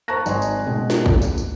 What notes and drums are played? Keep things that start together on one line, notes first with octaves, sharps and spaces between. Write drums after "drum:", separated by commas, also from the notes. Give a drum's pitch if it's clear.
C5 A5 A#5 C#6 F#6 A#6
G#1 D#5 G#5 C6, drum: tambourine
drum: tambourine
B2 G#3 C4
drum: snare
drum: kick A1
drum: tambourine
drum: tambourine